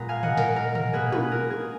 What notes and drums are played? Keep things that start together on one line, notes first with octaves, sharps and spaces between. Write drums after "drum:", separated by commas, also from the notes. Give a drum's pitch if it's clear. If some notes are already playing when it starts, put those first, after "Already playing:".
Already playing: A#2 G#3 B3 A#5
F5 G#5
D#5 F#5, drum: tom
A#4, drum: snare
A#4
A#4, drum: tom
B2 A#3 G#4 B4
G#4 B4, drum: tom
A#4
G#4